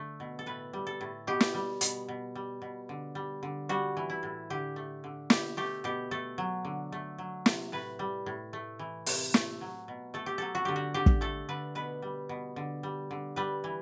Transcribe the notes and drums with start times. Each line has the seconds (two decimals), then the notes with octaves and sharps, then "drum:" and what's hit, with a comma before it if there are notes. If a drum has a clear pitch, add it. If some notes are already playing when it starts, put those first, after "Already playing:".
Already playing: D3 A3
0.20 B2
0.39 A4
0.46 A2 B4
0.73 G3
0.87 A4
1.01 A2
1.27 B2 G4
1.40 drum: snare
1.54 G3
1.81 B2, drum: hi-hat
2.08 B2
2.35 G3
2.62 B2
2.89 D3
3.15 G3
3.43 D3
3.69 G3 F#4
3.97 E3
4.10 E4
4.23 A2
4.50 D3 G4
4.76 A3
5.04 D3
5.30 B2 G4, drum: snare
5.57 A3 G4
5.84 B2 G4
6.11 A3 A4
6.38 F#3
6.65 D3
6.92 A3
7.18 F#3
7.46 C3, drum: snare
7.72 A2 B4
7.99 G3
8.26 A2
8.53 A3
8.79 E3
9.06 C3, drum: open hi-hat
9.34 A3, drum: snare
9.61 F#3
9.88 B2
10.14 A3 A4
10.26 G4
10.38 F#3 A4
10.55 F#4
10.65 D3 G4
10.76 F#4
10.94 D3 G4
11.06 drum: kick
11.21 A3 A4
11.49 D3 B4
11.75 B2 B4
12.02 G3
12.29 B2
12.56 D3
12.83 G3
13.11 D3
13.36 G3 B4
13.64 E3